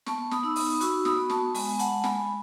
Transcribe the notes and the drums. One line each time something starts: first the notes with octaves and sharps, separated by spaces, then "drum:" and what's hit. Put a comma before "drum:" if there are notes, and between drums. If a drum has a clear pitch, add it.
B3 A5 C#6, drum: snare
B5 D#6, drum: snare
D#4 E6
B5 D#6, drum: open hi-hat
F#4 C#6 E6, drum: hi-hat
B5 D#6, drum: snare
B3
A5 C#6, drum: snare
G#3 G#5 B5, drum: open hi-hat
F#5 A5, drum: hi-hat
G#3
G#5 B5, drum: snare